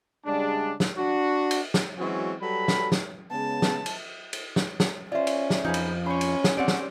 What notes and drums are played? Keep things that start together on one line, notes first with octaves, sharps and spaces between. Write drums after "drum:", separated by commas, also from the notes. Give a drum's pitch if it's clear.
C#3 G3 G#3 D4
drum: snare
D4 F#4
drum: cymbal
drum: snare
E3 F#3 G#3 C4 C#4 F#4
F#3 G3 A4 B4 B5
drum: snare
drum: snare
C#3 G#3 B3 A5
drum: snare
drum: cymbal
drum: cymbal
drum: snare
drum: snare
C#4 F4 C5 D5 E5
drum: cymbal
drum: snare
F2 F3 D#4 G#4 B4 G6
drum: cymbal
C#4 C5 C#5 B5
drum: cymbal
drum: snare
G3 C4 D5 F#5 D7
drum: snare